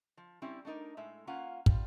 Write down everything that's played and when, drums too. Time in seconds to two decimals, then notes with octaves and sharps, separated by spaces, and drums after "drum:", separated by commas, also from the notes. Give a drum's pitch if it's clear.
0.17 F3
0.42 G3 C4 C#4 E4
0.65 A3 D4 D#4 A#4
0.97 A2 G#3 E5
1.27 A#3 C#4 F4 F5 F#5
1.66 G3 F4, drum: kick